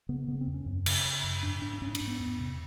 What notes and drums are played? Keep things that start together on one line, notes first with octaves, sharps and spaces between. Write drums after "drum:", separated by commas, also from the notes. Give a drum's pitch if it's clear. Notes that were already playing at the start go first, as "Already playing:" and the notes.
C#3 B3
C#3 B3
C4
E2
C#4
F#2
C#3, drum: cymbal
C#3
F#2
G#2 D4
G#2 D4
D4
G#2 C#4
D4, drum: cymbal
G#2
B3
E2
C3